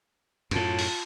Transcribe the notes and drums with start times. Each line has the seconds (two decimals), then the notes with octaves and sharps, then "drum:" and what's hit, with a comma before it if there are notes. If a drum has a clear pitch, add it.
0.51 F#2 A2 F4 A5, drum: cymbal
0.79 drum: open hi-hat